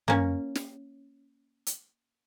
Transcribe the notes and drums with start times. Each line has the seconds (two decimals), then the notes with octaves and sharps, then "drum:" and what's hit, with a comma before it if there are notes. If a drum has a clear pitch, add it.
0.08 A#3 C#4, drum: tom
0.55 drum: snare
1.67 drum: hi-hat